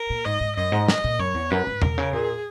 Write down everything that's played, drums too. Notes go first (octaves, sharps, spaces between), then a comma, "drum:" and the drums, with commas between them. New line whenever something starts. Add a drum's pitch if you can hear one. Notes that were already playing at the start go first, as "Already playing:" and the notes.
Already playing: A#4
A#2
G#2 D#5
G#2
F#2 D#5
G#2
D#5, drum: snare
A#2
F#2 C#5
E2
F#2 B4
G#2
B2 A#4, drum: tom E2
C#3
A#2 G#4